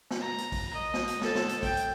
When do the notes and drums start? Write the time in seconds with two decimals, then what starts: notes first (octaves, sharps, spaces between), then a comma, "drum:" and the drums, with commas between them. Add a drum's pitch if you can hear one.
0.11 drum: snare
0.21 A#5
0.38 drum: hi-hat
0.52 drum: kick, open hi-hat
0.74 D#5
0.94 drum: snare
1.08 drum: hi-hat
1.21 A4, drum: snare
1.35 drum: snare
1.49 drum: hi-hat
1.63 G5, drum: kick, open hi-hat
1.77 drum: hi-hat